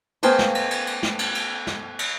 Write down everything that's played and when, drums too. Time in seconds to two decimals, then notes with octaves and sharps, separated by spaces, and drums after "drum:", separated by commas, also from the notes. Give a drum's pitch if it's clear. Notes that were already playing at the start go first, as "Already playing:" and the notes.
0.23 A3 B3 C5 F5 G5 G#5, drum: cymbal
0.39 drum: snare
0.55 drum: cymbal
0.71 drum: cymbal
0.87 drum: cymbal
1.03 drum: snare
1.19 drum: cymbal
1.35 drum: cymbal
1.67 drum: snare
1.99 drum: cymbal